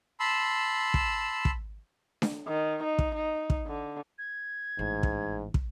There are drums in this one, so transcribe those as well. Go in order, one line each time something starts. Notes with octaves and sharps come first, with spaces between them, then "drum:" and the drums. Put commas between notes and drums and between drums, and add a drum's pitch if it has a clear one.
A5 B5 C6 E6
drum: kick
drum: kick
drum: snare D4
D#3
D#4
drum: kick
D#4
drum: kick
D3
G#6
A1 G#2
drum: kick
drum: kick